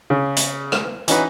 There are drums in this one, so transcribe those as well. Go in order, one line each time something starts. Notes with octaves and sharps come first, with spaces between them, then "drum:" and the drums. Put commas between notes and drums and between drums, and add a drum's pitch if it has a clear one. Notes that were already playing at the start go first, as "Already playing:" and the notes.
C#3 C#4
drum: hi-hat
drum: rim click
E3 C#4 D#4 F#4 B4, drum: hi-hat